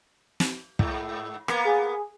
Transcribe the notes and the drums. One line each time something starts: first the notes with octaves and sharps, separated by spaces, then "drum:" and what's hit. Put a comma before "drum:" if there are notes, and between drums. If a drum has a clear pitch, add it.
drum: snare
G#2, drum: kick
A#3 B3, drum: rim click
G#4